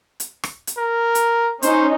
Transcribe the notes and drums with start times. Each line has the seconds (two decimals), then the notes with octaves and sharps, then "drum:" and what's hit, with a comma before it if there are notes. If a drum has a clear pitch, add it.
0.20 drum: hi-hat
0.44 drum: rim click
0.67 drum: hi-hat
0.78 A#4
1.15 drum: hi-hat
1.62 C#4 D#4 C5, drum: hi-hat